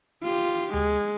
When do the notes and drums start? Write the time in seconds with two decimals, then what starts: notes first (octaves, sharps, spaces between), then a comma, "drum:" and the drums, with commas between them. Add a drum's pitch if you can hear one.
0.24 F4 G4
0.73 G#3, drum: tom D2